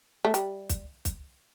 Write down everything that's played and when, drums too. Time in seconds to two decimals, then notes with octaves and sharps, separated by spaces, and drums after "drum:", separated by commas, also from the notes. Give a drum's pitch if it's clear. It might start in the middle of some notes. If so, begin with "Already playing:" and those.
0.25 A3
0.34 G3, drum: hi-hat
0.69 drum: kick, hi-hat
1.05 drum: kick, hi-hat